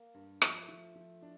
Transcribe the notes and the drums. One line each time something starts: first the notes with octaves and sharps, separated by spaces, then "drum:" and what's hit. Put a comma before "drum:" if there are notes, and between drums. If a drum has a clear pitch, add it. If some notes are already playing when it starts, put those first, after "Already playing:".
Already playing: A#3
G2
F3 A3, drum: rim click
F3
F3
D4